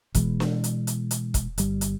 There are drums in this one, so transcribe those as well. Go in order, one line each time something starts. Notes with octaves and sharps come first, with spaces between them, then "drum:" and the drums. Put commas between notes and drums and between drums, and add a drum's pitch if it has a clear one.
B2 E3 G#3, drum: kick, hi-hat
drum: snare
drum: hi-hat
drum: hi-hat
drum: hi-hat
drum: kick, hi-hat
G1 G3, drum: hi-hat
drum: hi-hat